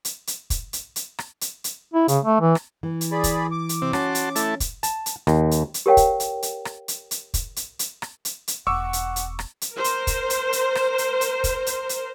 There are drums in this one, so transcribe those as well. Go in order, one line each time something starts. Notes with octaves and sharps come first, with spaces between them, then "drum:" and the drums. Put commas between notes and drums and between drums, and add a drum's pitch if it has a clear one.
drum: hi-hat
drum: hi-hat
drum: kick, hi-hat
drum: hi-hat
drum: hi-hat
drum: rim click
drum: hi-hat
drum: hi-hat
E4
C#3, drum: hi-hat
A3
E3
drum: rim click
E3
drum: hi-hat
G#4 D5 B5
drum: kick, hi-hat
D6
drum: hi-hat
C3 C4
C#4 F#4 A5 C6, drum: rim click
drum: hi-hat
A3 E4 A5, drum: hi-hat
drum: kick, hi-hat
A5, drum: hi-hat
drum: hi-hat
D#2, drum: rim click
drum: hi-hat
drum: hi-hat
G4 A#4 C#5 F5 G5
drum: kick, hi-hat
drum: hi-hat
drum: hi-hat
drum: rim click
drum: hi-hat
drum: hi-hat
drum: kick, hi-hat
drum: hi-hat
drum: hi-hat
drum: rim click
drum: hi-hat
drum: hi-hat
E1 F#5 C#6 D6 E6
drum: hi-hat
drum: hi-hat
drum: rim click
drum: hi-hat
A#4 C5
drum: hi-hat
drum: kick, hi-hat
drum: hi-hat
drum: hi-hat
drum: rim click
drum: hi-hat
drum: hi-hat
drum: kick, hi-hat
drum: hi-hat
drum: hi-hat